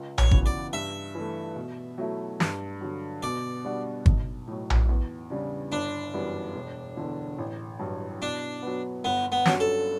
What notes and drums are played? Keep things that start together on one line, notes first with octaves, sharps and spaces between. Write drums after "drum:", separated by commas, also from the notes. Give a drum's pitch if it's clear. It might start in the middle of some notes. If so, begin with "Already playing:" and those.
Already playing: C#2
C#5, drum: tom A#1
C#3 E3 B3 F#4, drum: kick
D5
G2 E5
E3 A3
B2
F#3 A3 E4
G2, drum: snare
D3 F#3
B2 D5
G3 D4 F#4
B1, drum: kick
A2 F#3
drum: tom A#1
E2
C#3 G3 D4
G1 D4
F#2 E3 G3 B3
E1
E2 D3
A1
G2 F#3
B2 D4
F#3 B3
G1 B3
B3
G2 F#3 C#4 F#4, drum: snare
A4